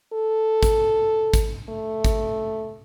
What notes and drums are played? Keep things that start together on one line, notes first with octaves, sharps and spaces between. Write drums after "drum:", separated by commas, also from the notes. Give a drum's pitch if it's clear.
A4
drum: kick, hi-hat
drum: kick, hi-hat
A3
drum: kick, hi-hat